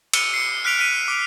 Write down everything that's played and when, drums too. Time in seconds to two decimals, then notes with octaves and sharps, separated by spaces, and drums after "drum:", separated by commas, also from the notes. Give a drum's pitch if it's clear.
0.13 E6 C#7 D#7 G7, drum: cymbal
0.34 C7 C#7
0.64 F6 F#6 B6 D7 F7
0.77 F6 F#6 B6 D#7
1.08 D6 D7